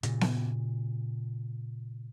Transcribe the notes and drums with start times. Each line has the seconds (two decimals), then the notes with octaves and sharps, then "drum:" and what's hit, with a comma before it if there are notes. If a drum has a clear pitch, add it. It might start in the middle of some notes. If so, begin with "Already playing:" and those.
0.03 A#2 C#3, drum: hi-hat
0.21 drum: snare B3